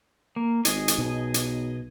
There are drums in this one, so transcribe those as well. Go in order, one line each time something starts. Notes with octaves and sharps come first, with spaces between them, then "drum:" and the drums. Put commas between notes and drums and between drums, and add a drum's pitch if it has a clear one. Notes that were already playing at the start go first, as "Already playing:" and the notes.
A#3
G#1 G#4 D#5, drum: hi-hat
drum: hi-hat
B1 B2
drum: hi-hat